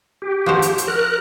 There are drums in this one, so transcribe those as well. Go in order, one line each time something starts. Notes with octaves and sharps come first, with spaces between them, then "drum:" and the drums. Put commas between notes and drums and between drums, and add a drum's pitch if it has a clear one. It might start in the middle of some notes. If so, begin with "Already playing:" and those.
G4
F3 F#4 C5
drum: hi-hat
drum: hi-hat
A#4 F#6